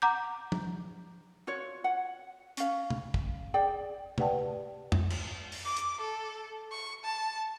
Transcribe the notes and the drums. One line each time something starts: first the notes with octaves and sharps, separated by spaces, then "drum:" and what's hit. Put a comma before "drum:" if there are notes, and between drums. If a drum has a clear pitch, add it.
F#5 A#5 D6 G6
drum: tom
F4 F#4 C#5
F#5
C#4 F5, drum: hi-hat
drum: tom
drum: kick
G#4 D5 G5
G4 B4 D5 F#5 G5 A5, drum: tom
drum: tom
drum: cymbal
drum: open hi-hat
D6
drum: hi-hat
A4
C#6
A5